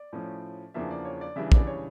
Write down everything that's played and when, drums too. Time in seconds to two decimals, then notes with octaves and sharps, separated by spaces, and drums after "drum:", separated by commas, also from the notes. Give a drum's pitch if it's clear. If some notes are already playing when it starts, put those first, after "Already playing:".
Already playing: D5
0.13 A2 F3 C#4
0.74 E2 C#3 F3 A#3 D4 E5
0.90 D5
1.05 C#5
1.21 D5
1.36 C#3 E3 G3 D4 E5
1.52 D5, drum: kick
1.67 C#5